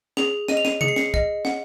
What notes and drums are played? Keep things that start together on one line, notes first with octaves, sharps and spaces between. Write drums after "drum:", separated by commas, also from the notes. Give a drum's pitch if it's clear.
G#4 F7, drum: snare
D#5 D#7, drum: snare
F7
D#7, drum: snare
G#4 C#7, drum: tom C3
C7
C#7, drum: snare
D#5, drum: kick
F#5, drum: snare